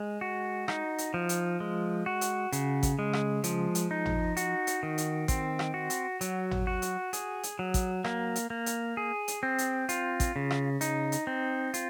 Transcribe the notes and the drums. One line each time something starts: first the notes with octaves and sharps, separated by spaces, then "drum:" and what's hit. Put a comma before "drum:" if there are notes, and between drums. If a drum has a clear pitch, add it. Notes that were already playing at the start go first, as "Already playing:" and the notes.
Already playing: G#3
F#4
D#4, drum: rim click
drum: hi-hat
F3
drum: hi-hat
G#3
F#4
drum: hi-hat
C#3, drum: hi-hat
drum: kick, hi-hat
G#3
drum: rim click
F3, drum: hi-hat
drum: hi-hat
D#4
drum: tom G#1
F#4, drum: hi-hat
drum: hi-hat
D#3
drum: hi-hat
C4, drum: kick, hi-hat
drum: rim click
F#4
drum: hi-hat
F#3, drum: hi-hat
drum: tom G#1
F#4
drum: hi-hat
G#4, drum: hi-hat
drum: hi-hat
F#3
drum: kick, hi-hat
A#3, drum: rim click
drum: hi-hat
A#3
drum: hi-hat
G#4
drum: hi-hat
C4
drum: hi-hat
F4, drum: hi-hat
drum: kick, hi-hat
C#3
drum: rim click
D#4, drum: hi-hat
drum: hi-hat
C4
F4, drum: hi-hat